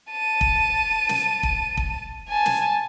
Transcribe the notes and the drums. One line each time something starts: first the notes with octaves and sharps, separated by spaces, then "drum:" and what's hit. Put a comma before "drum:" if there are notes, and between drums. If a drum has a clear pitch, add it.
A5 D#7
drum: kick
drum: snare
drum: kick
drum: kick
G#5 A5
drum: snare